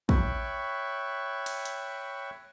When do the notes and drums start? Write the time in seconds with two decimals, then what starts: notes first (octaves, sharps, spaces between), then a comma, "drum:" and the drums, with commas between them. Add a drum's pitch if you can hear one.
0.09 C#5 E5 G5 B5 C#6 F#6, drum: kick
1.46 drum: cymbal
1.65 drum: hi-hat